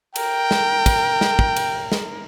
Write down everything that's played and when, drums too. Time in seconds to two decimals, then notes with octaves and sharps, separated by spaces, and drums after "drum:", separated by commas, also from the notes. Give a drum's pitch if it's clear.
0.16 A#4 G5, drum: cymbal
0.51 drum: snare
0.86 drum: kick, cymbal
1.21 drum: snare
1.39 drum: kick
1.56 drum: cymbal
1.92 drum: snare